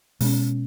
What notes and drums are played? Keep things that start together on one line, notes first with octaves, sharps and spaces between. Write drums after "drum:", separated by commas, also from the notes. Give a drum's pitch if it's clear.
B2 G#3 C#4, drum: open hi-hat